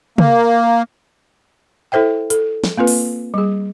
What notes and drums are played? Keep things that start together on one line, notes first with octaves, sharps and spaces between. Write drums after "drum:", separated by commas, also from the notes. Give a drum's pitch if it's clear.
A#3, drum: tom
E4 A4 C5 E5 G5
A4, drum: hi-hat
drum: snare
A#3 C4 F4 B4
drum: open hi-hat
G3 G#4